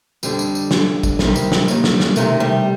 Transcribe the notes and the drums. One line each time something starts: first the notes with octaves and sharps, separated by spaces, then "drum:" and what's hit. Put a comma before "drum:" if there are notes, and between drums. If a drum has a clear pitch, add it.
F2 D3 G3, drum: tambourine
drum: tambourine
drum: tambourine
D2 D3, drum: snare
drum: kick A1, tambourine
D2 C3 D#3 G3, drum: snare
drum: tambourine
drum: snare
D#2 D#3, drum: tambourine
drum: snare
drum: snare
D2 C3 D#3 A3, drum: tambourine
G3